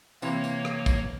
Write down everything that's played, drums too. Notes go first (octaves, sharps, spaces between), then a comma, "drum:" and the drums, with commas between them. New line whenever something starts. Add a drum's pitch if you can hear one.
C3 E3 A#3 C#5, drum: tambourine
drum: tambourine
drum: rim click
drum: kick, tambourine